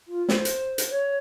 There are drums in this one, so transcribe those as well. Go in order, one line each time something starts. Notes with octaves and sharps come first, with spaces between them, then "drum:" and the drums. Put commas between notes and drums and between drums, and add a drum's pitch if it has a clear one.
F4
C5, drum: snare
drum: hi-hat
drum: hi-hat
C#5